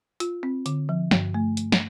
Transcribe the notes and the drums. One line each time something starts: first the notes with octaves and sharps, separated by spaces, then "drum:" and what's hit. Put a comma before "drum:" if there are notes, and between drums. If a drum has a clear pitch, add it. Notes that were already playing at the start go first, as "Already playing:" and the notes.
F4, drum: hi-hat
C4
D3, drum: hi-hat
F3
G2, drum: snare
A3
drum: hi-hat
drum: snare